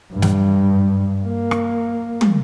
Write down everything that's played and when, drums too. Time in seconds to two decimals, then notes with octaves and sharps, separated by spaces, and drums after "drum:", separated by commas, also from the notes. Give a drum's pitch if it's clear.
0.13 G2
0.22 drum: snare
1.27 A#3
1.51 drum: rim click
2.21 drum: tom